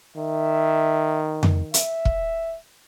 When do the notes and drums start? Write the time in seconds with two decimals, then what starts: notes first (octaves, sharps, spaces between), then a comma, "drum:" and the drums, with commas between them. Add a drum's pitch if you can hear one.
0.16 D#3 E5
1.43 drum: tom F2
1.74 E5, drum: hi-hat
2.05 drum: kick